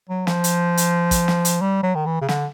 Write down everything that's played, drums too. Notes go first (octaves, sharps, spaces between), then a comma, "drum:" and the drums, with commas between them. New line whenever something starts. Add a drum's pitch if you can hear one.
F#3
F3, drum: snare
drum: hi-hat
drum: hi-hat
drum: kick, hi-hat
drum: snare
drum: hi-hat
G3
F#3
D#3
E3
C#3
D3, drum: snare